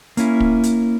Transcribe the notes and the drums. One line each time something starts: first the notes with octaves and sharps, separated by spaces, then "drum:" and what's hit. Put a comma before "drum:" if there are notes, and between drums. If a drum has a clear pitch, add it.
A#3 C#4 E4, drum: hi-hat
drum: kick
drum: hi-hat